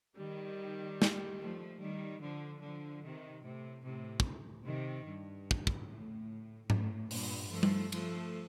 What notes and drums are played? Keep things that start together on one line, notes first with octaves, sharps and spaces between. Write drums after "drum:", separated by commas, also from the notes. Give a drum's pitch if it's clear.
D#3 G3
drum: snare
F3 A3
D#3 G3
D3 F3
D3 F3
C3 D#3
A2 C3
A2 C3
drum: kick
C3 D#3
G2
drum: kick
drum: kick
A2
A2, drum: tom G#2
G2 A#2, drum: open hi-hat
F3 A3
drum: tom G3
F3 A3, drum: cymbal